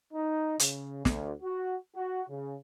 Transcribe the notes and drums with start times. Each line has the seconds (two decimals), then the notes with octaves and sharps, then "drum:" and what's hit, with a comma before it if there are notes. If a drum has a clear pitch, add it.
0.13 D#4
0.59 C#3, drum: hi-hat
1.05 D2, drum: snare
1.42 F#4
1.96 F#4
2.28 C#3